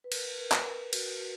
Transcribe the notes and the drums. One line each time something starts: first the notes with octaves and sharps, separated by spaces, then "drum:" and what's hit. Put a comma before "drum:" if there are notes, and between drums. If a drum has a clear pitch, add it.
B4
A#4, drum: cymbal
B4
A#4
drum: clap
A#4
F#4, drum: cymbal
F#4